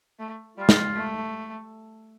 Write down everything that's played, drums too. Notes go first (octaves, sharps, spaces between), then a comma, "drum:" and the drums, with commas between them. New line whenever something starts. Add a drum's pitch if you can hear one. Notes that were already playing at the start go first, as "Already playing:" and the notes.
A3
G3 F4
drum: snare
A3